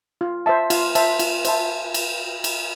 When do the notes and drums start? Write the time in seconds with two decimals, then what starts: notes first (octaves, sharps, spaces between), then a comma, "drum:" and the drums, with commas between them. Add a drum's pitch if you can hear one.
0.21 F4
0.46 C5 E5 A5
0.70 F4, drum: cymbal
0.95 C5 E5 A5, drum: cymbal
1.19 F4, drum: cymbal
1.45 C5 E5 A5, drum: cymbal
1.94 drum: cymbal
2.44 drum: cymbal